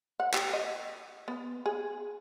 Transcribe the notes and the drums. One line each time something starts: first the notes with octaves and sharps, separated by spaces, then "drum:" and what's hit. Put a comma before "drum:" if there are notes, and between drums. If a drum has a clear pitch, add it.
F#5
G4, drum: clap
D#5
B3
G#4